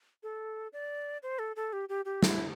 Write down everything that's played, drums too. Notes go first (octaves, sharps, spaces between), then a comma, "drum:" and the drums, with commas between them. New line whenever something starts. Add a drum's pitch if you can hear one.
A4
D5
C5
A4
A4
G4
G4
G4
E4, drum: snare